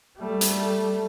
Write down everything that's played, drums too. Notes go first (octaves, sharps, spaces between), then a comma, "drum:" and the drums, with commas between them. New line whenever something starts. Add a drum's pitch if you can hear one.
G3 A3
drum: hi-hat